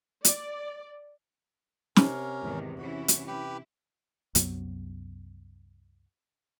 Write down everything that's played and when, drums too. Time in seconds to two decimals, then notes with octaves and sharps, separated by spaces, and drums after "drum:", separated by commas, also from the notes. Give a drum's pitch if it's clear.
0.25 D5, drum: hi-hat
1.96 C3 C#4 A#4, drum: snare
2.40 E2 G#2 D#3
2.78 E3 C#4 E4 F#4
3.08 drum: hi-hat
3.27 E4 G4 B4
4.35 C2 F#2 F#3 B3, drum: hi-hat